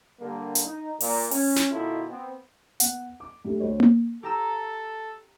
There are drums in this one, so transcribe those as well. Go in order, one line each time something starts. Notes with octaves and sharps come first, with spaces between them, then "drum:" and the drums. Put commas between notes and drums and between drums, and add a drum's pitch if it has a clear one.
G2 D3 G3 A#3
drum: hi-hat
D#4
A#2, drum: open hi-hat
C#4, drum: open hi-hat
drum: snare
B2 D#3 E4 F4 A4
B3 C4
B3 F#5, drum: hi-hat
D6
G2 G3 A3 G4
D2 C5 C#5
drum: tom A#3
G4 A4 A#5 E6